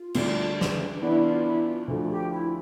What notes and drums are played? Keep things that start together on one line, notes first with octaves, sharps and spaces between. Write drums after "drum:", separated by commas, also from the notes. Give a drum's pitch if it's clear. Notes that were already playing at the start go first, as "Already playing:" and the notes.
Already playing: F4
D2 D3 G3 D4, drum: cymbal
drum: snare
E3 B3 D4 E4
F4
E4
F4
D2 D3 F3 A3
G4
E4